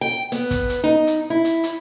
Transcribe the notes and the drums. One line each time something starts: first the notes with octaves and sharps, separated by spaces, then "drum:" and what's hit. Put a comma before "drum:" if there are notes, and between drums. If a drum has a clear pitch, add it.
G5
B3, drum: hi-hat
drum: kick, hi-hat
drum: hi-hat
D#4
drum: hi-hat
E4
drum: hi-hat
drum: hi-hat